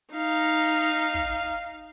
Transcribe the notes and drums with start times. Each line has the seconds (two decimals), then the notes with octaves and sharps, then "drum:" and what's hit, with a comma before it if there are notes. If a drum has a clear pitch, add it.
0.14 D#4 F5, drum: hi-hat
0.31 drum: hi-hat
0.64 drum: hi-hat
0.81 drum: hi-hat
0.98 drum: hi-hat
1.14 drum: kick
1.31 drum: hi-hat
1.48 drum: hi-hat
1.64 drum: hi-hat